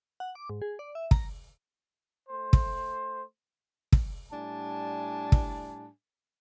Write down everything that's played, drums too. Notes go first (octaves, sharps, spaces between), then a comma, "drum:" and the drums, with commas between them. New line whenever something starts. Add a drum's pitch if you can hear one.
F#5
D6
G#2
G#4
D5
E5
A#5, drum: kick
A3 C5
drum: kick
drum: kick
A2 G3 D4 G#5 A5
drum: kick